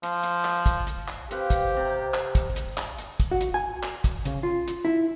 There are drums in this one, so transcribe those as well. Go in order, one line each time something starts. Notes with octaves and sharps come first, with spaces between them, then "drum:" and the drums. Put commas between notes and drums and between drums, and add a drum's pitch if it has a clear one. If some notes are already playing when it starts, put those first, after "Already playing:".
F3, drum: hi-hat
drum: hi-hat
drum: clap
drum: kick, hi-hat
drum: hi-hat
drum: clap
C4 G4 B4 C5 F5, drum: hi-hat
drum: kick, hi-hat
C3 A#5
drum: clap
drum: kick, hi-hat
drum: hi-hat
drum: clap
drum: hi-hat
drum: kick, hi-hat
F#4
drum: hi-hat
G#5
drum: clap
drum: kick, hi-hat
C#3, drum: hi-hat
F4
drum: hi-hat
E4